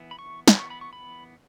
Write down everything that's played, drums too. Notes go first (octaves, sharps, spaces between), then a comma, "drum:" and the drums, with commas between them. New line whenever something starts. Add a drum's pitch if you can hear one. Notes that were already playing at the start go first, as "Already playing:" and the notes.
Already playing: E3 B3
B5
C#6
E3 B3 B5, drum: snare
C#6
B5
C#6
B5